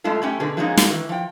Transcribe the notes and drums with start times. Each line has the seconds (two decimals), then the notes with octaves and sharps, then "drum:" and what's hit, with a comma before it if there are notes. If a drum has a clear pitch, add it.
0.04 F#2 G#3 A3 F4 A4
0.22 F#2 A3 C#4 G4
0.40 B2 D3 G#4 B4
0.57 F3 F#3 G#3 A#3 C#4 D#4
0.77 drum: snare
0.88 D#3 E3
1.09 F3 G5